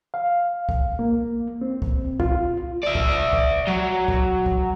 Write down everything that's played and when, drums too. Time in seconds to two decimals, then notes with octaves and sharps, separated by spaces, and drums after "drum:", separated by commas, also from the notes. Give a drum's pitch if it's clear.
0.14 F5
0.69 drum: kick
0.99 A#3
1.61 C4
1.82 drum: kick
2.20 F4, drum: kick
2.83 D5 E5
2.95 drum: kick
3.33 drum: kick
3.67 F#3
4.08 drum: kick
4.46 drum: kick